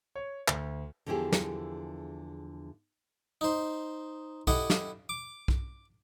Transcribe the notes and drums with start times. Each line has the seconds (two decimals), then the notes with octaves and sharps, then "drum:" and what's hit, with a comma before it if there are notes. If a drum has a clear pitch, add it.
0.16 C#5
0.48 D2, drum: clap
1.06 E2 D3 F3 E4 G4 G#4
1.32 drum: snare
3.41 D#4 C5
4.47 E4 G4 A4 D#5 F#5, drum: kick B1
4.70 drum: snare
5.09 D6
5.48 drum: kick B1